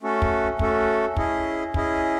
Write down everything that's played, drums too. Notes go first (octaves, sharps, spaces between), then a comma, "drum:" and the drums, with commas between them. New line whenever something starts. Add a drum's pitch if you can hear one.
A3 C#4 F#4 A4
drum: kick
A3 C#4 F#4 A4, drum: kick
C#4 E4 G#4 D#5, drum: kick
C#4 E4 G#4 D#5, drum: kick